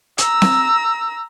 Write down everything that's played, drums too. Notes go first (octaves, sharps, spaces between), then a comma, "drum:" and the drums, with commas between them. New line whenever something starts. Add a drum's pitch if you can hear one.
A#5 E6, drum: hi-hat
drum: snare C4